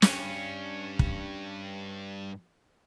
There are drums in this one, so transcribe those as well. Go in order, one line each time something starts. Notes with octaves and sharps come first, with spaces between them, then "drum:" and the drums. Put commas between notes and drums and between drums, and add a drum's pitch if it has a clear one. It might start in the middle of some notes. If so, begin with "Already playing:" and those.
G2 C#4, drum: snare
drum: kick